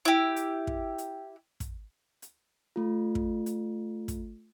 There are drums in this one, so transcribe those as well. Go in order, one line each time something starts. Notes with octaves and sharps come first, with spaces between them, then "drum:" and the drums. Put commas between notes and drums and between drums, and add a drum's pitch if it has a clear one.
E4 G4
drum: hi-hat
drum: kick
drum: hi-hat
drum: kick, hi-hat
drum: hi-hat
A3 F4
drum: kick
drum: hi-hat
drum: kick, hi-hat